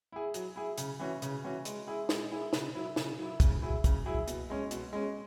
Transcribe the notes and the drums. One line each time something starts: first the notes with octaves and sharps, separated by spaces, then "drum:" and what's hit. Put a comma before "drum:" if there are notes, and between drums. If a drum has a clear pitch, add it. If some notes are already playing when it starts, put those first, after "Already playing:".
E4 G#4
F#3, drum: hi-hat
E4 G#4
C#3, drum: hi-hat
E3 C#4 F#4
C#3, drum: hi-hat
E3 C#4 F#4
G#3, drum: hi-hat
E4 G#4
G#3, drum: snare
E4 G#4
C#3, drum: snare
F#3 E4
C#3, drum: snare
F#3 E4
C#3, drum: kick, hi-hat
F#3 E4 G#4
C#3, drum: kick, hi-hat
F#3 E4 G#4
B2, drum: hi-hat
G#3 C#4
B2, drum: hi-hat
G#3 C#4